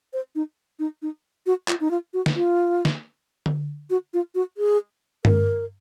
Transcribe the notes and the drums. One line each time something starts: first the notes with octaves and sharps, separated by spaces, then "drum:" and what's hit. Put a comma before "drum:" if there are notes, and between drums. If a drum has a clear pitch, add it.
C5
D#4
D#4
D#4
F#4
F4, drum: clap
D#4
F4
F#4
drum: snare
F4
drum: snare
drum: tom D3
F#4
F4
F#4
G#4
A#4, drum: tom G2